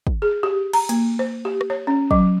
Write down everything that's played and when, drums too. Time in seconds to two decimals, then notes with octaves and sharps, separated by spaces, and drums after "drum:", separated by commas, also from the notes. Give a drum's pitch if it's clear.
0.07 drum: kick
0.22 G#4
0.43 G4
0.73 A#5, drum: cymbal
0.89 A#3, drum: hi-hat
1.19 C5
1.45 G4
1.61 drum: rim click
1.70 C#5
1.87 C#4
2.11 F#3, drum: kick